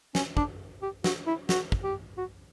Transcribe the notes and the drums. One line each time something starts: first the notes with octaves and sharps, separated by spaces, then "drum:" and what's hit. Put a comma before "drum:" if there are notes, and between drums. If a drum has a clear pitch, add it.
C#4, drum: snare
D4, drum: kick
G4
F#4, drum: snare
E4
F#4, drum: snare
drum: kick
G4
F#4